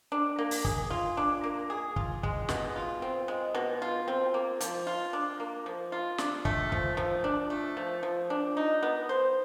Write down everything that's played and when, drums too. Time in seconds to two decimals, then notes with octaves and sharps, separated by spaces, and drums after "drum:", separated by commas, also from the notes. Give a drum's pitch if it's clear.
0.12 D4
0.39 A#3
0.51 drum: open hi-hat
0.65 G#4, drum: kick
0.90 F4
1.17 D4
1.44 A#3
1.70 G#4
1.96 F4, drum: kick
2.23 G#3, drum: kick
2.49 B2, drum: snare
2.76 F4
3.02 C4
3.28 G#3
3.55 B2
3.82 F4
4.08 C4
4.34 A#3
4.60 F3, drum: hi-hat
4.87 F4
5.13 D4
5.40 A#3
5.66 F3
5.92 F4
6.18 D4, drum: snare
6.45 A3, drum: kick
6.72 F3, drum: kick
6.97 F3
7.24 D4
7.50 A3
7.77 F3
8.03 F3
8.30 D4
8.57 D#4
8.83 B3
9.09 C5